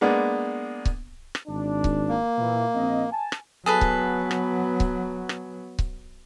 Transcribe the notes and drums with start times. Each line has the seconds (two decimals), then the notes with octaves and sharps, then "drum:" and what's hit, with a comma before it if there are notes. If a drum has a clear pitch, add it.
0.01 G#3 A#3 B3 D4
0.85 drum: kick C#1
1.35 drum: rim click
1.47 G#1 D4
1.84 drum: kick C#1
2.09 A#3
2.38 A#2 E3
2.74 A#1 C4 D#5
3.11 G#5 A5
3.32 drum: rim click
3.66 F#3 B3 G#4 A4 B4
3.81 drum: kick C#1
4.31 drum: rim click
4.80 drum: kick C#1
5.29 drum: rim click
5.79 drum: kick C#1